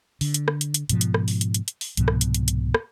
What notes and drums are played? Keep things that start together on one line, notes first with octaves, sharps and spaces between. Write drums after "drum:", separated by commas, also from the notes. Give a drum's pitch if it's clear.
D3, drum: open hi-hat
drum: hi-hat
drum: rim click
drum: hi-hat
drum: hi-hat
G#2 B2 F3, drum: hi-hat
drum: hi-hat
drum: rim click
drum: open hi-hat
drum: hi-hat
drum: hi-hat
drum: hi-hat
drum: open hi-hat
C2 G#2 B2 F3, drum: hi-hat
drum: rim click
drum: hi-hat
drum: hi-hat
drum: hi-hat
drum: rim click